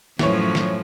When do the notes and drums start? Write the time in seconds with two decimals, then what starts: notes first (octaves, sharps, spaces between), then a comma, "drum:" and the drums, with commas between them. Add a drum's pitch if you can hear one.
0.19 F#2 A2 E3 F3 C#5, drum: snare
0.55 drum: snare